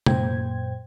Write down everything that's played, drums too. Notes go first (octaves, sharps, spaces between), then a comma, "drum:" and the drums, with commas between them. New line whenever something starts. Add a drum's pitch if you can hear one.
F#2 A#2 C5 G5 G#6, drum: tom